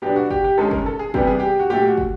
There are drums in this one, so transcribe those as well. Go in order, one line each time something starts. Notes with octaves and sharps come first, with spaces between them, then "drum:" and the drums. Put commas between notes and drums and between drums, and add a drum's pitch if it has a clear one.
B2 F#3 B3 D4 G4
F#4
G4, drum: kick
G4
D#3 G#3 C#4 A4
A#4, drum: kick
A4
G#4
C3 E3 G3 B3 G4, drum: kick
G#4
G4
F#4
A#2 F#3 A3 G4
F#4
drum: kick